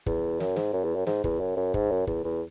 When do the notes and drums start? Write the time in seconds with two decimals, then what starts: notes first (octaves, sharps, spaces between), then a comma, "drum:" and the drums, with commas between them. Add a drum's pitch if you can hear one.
0.06 E2, drum: kick
0.40 F#2, drum: snare
0.56 G#2, drum: snare
0.73 F#2
0.84 E2
0.96 F#2
1.07 G#2, drum: snare
1.24 E2, drum: kick
1.40 F#2
1.57 F#2
1.74 G#2, drum: kick
1.91 F#2
2.07 E2, drum: kick
2.24 E2